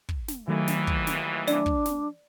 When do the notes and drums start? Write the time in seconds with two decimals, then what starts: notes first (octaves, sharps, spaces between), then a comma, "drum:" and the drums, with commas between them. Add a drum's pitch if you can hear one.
0.09 drum: kick
0.28 drum: snare
0.48 D#2 D#3 E3 F#3 A3
0.68 drum: snare
0.87 drum: kick
1.07 drum: snare
1.48 D4 D5, drum: snare
1.66 drum: kick
1.85 drum: snare